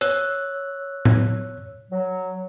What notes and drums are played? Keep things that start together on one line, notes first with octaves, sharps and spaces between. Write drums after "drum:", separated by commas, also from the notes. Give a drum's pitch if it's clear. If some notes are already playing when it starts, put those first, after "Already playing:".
C#5 E6 F#6, drum: hi-hat
drum: tom A2
F#3